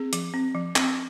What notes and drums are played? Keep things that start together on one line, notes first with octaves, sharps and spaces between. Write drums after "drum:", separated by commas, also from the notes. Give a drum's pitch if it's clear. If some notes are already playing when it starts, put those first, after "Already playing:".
Already playing: C4 G#4
F3, drum: hi-hat
C4
F3
C4, drum: clap